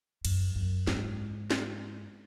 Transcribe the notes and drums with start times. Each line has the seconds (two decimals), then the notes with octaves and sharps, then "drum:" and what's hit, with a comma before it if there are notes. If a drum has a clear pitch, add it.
0.25 F#2, drum: cymbal
0.56 F#2
0.87 G#2, drum: snare
1.51 drum: snare